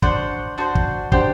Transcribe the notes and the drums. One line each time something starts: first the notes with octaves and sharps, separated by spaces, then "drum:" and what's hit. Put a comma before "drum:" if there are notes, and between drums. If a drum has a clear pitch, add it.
D4 F#4 C5 F#5, drum: kick
D4 F#4 C5 F#5
drum: kick
D4 G4 C5, drum: kick